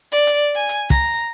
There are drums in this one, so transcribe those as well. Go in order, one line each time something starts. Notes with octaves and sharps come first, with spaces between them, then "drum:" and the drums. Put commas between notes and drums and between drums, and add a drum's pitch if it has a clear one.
D5
drum: hi-hat
G#5
drum: hi-hat
A#5, drum: kick, hi-hat